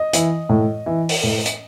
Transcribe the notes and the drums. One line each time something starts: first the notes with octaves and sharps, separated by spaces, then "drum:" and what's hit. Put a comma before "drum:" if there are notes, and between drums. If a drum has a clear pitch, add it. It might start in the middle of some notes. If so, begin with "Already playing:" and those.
Already playing: D#5
E3, drum: hi-hat
A2
E3
drum: open hi-hat
A2
drum: hi-hat